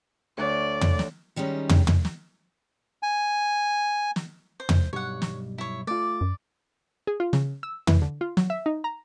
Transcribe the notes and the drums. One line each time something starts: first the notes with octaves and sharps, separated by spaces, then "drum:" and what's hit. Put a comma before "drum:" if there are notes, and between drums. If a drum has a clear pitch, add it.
D2 C#5 D5
drum: tom
drum: snare
D#3 G3 G#3 C#4 D#4
drum: tom
drum: tom
drum: snare
G#5
drum: snare
C5
drum: tom
B1 G2 G3 C#5 F#5
drum: snare
E4 C#5
A3 F4 D5
F#2
G#4
F4
C#3, drum: snare
E6
E3, drum: tom
D3
F4
F#3, drum: snare
E5
D#4
A#5